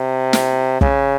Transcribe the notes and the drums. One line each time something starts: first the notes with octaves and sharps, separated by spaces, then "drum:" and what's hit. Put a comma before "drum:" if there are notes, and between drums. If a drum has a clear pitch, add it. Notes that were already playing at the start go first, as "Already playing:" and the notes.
Already playing: C3
drum: snare
C#3, drum: kick